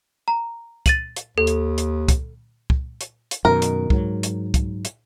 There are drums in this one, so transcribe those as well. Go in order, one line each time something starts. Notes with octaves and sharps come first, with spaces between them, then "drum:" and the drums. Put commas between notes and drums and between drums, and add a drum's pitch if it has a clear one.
A#5
A6 D#7 F#7, drum: kick, hi-hat
drum: hi-hat
D#2 A4
drum: hi-hat
drum: hi-hat
drum: kick, hi-hat
drum: kick
drum: hi-hat
drum: hi-hat
F#2 B2 D#3 A#4
drum: hi-hat
G#2 F#3, drum: kick
drum: hi-hat
drum: kick, hi-hat
drum: hi-hat